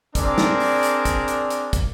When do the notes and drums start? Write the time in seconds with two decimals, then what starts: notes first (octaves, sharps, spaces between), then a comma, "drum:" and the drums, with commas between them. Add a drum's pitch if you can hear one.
0.15 C4 D4 G#4 A#4 D5, drum: kick, hi-hat
0.38 drum: snare
0.60 drum: open hi-hat
0.83 drum: hi-hat
1.05 drum: kick, hi-hat
1.28 drum: hi-hat
1.50 drum: hi-hat
1.73 drum: kick, hi-hat